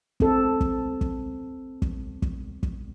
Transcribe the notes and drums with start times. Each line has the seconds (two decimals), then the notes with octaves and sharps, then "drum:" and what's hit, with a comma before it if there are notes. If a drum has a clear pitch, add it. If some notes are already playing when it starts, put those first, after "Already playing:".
0.20 C4 A4, drum: kick
0.61 drum: kick
1.01 drum: kick
1.82 drum: kick
2.22 drum: kick
2.63 drum: kick